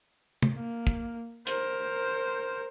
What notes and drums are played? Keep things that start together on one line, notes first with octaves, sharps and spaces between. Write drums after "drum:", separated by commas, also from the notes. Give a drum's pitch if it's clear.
drum: tom
A#3
drum: kick
A#4 C5, drum: hi-hat